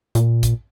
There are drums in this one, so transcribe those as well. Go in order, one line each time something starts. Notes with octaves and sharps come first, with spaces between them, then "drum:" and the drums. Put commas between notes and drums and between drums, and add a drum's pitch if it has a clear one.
A#2, drum: hi-hat
drum: kick, hi-hat